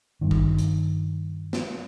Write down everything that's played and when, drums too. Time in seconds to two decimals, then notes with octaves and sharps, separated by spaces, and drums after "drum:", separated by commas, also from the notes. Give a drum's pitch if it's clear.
0.21 G2 D#3
0.31 drum: kick
0.58 drum: hi-hat
1.53 drum: snare